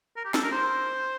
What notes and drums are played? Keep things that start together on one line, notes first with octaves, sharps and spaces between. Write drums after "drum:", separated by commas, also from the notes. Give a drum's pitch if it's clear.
A#4
G4
A4, drum: snare
A#4
C5